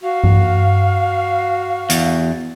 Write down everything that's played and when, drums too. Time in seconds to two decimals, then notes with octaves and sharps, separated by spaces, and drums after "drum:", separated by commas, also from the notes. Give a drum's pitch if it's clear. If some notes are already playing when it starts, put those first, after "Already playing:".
0.03 F#4 F5
0.24 drum: tom G2
1.90 E2, drum: hi-hat